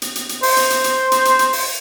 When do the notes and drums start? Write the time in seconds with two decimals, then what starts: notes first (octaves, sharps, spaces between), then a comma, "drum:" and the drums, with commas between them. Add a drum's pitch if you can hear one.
0.02 drum: hi-hat
0.15 drum: hi-hat
0.29 drum: hi-hat
0.43 C5, drum: open hi-hat
0.57 drum: hi-hat
0.70 drum: hi-hat
0.84 drum: hi-hat
1.12 drum: hi-hat
1.25 drum: hi-hat
1.39 drum: hi-hat
1.53 drum: open hi-hat